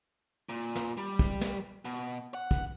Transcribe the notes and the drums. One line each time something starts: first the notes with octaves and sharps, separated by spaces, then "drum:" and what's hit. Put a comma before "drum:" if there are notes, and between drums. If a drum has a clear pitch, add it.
A#2
drum: snare
G3
drum: kick
drum: snare
B2
F#5
drum: kick